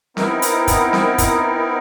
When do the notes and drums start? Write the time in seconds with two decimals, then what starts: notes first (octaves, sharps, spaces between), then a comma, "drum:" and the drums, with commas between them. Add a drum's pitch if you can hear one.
0.17 B3 C4 D#4 E4 A#4, drum: snare C4
0.42 drum: hi-hat
0.67 drum: kick, hi-hat
0.93 drum: snare C4
1.18 drum: kick, hi-hat